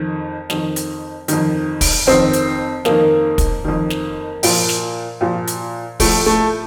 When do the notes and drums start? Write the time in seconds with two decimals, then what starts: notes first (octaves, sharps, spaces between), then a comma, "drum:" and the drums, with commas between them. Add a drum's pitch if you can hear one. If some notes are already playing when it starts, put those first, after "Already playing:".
Already playing: F2 D#3
0.50 F2 D#3, drum: snare
0.76 drum: hi-hat
1.28 F2 D#3, drum: hi-hat
1.81 drum: kick, open hi-hat
2.07 F2 D#3 C4
2.33 drum: hi-hat
2.85 F2 D#3 A#3, drum: snare
3.38 drum: kick, hi-hat
3.64 F2 D#3
3.90 drum: snare
4.43 A#2 F3, drum: open hi-hat
4.69 drum: snare
5.21 A#2 F3
5.47 drum: hi-hat
6.00 A2 F3 A3, drum: kick, open hi-hat
6.26 A3